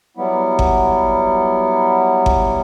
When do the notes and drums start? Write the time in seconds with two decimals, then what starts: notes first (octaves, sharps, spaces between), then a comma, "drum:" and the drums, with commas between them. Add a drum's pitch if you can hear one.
0.17 F#3 G3 B3 E4
0.59 drum: kick G1
2.26 drum: kick G1